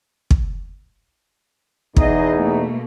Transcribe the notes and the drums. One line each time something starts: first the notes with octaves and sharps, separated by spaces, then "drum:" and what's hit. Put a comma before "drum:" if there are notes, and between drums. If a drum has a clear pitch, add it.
drum: kick
E2 B2 D#4 G#4 D#5, drum: kick
B2 A3 A#3